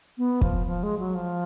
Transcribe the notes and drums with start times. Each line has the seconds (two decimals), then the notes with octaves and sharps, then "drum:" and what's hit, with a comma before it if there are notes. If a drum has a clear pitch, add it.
0.18 B3
0.41 F3, drum: kick
0.67 F3
0.83 G#3
0.99 F#3
1.15 F3